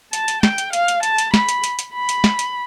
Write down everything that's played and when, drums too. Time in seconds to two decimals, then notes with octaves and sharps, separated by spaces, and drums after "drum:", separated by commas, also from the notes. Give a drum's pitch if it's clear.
0.13 A5, drum: hi-hat
0.28 drum: hi-hat
0.43 G5, drum: snare
0.58 drum: hi-hat
0.73 F5, drum: hi-hat
0.88 drum: hi-hat
1.03 A5, drum: hi-hat
1.18 drum: hi-hat
1.34 B5, drum: snare
1.49 drum: hi-hat
1.64 drum: hi-hat
1.79 drum: hi-hat
1.94 B5
2.09 drum: hi-hat
2.24 drum: snare
2.39 drum: hi-hat